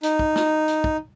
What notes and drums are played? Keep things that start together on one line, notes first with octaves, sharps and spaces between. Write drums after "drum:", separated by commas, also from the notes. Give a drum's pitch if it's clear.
D#4, drum: hi-hat
drum: kick
drum: snare
drum: hi-hat
drum: kick